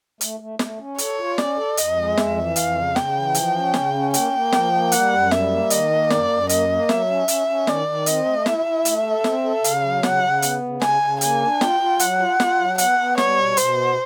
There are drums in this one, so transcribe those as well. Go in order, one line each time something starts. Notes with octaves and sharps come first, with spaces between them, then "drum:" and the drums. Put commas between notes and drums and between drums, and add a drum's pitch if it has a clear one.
A3, drum: hi-hat
A3
A3, drum: snare
C#4
A4 C#5, drum: hi-hat
F4
C#4 D5, drum: snare
A4
F2 D#5, drum: hi-hat
G#3
F2 E5, drum: snare
E3
F2 F5, drum: hi-hat
C#3
C#3 G5, drum: snare
E3
F3, drum: hi-hat
C#4
C#3, drum: snare
C#4
A#3 G5, drum: hi-hat
A#3
F3, drum: snare
A#3
G3 F#5, drum: hi-hat
F#2
G3 E5, drum: snare
A#3
D#3 D#5, drum: hi-hat
A#3
F#2 D5, drum: snare
F#2
A#3 D#5, drum: hi-hat
A#3
F#3 E5, drum: snare
C#4
C#4, drum: hi-hat
C#4
D#3 D5, drum: snare
D#3
C4 D#5, drum: hi-hat
A3
E4 E5, drum: snare
E4
A3, drum: hi-hat
A4
C4, drum: snare
A4
C#3 F5, drum: hi-hat
F#3
C#3 F#5, drum: snare
C#3
B3, drum: hi-hat
C#3
C#3 G#5, drum: snare
C#3
A#3 G#5, drum: hi-hat
D4
F4 G5, drum: snare
F4
F#3 F#5, drum: hi-hat
F4
F4, drum: snare
F#3
B3 F#5, drum: hi-hat
B3
G3 C#5, drum: snare
B2
B2 C5, drum: hi-hat
B3